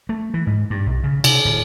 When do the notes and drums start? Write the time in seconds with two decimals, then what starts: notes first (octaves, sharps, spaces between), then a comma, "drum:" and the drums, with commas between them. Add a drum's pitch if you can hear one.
0.09 A3
0.34 E3
0.47 G#2
0.70 G2
0.86 B1
1.04 C#3
1.24 C3, drum: cymbal
1.45 D1